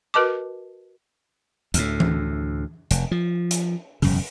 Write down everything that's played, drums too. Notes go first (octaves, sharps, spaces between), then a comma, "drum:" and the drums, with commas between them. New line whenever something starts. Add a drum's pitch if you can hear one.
F#4 A#4 B4 D#5 A5 D6
D2 A2, drum: hi-hat
drum: tom E3
F1, drum: hi-hat
F3
drum: hi-hat
E1 F#2 C#3, drum: open hi-hat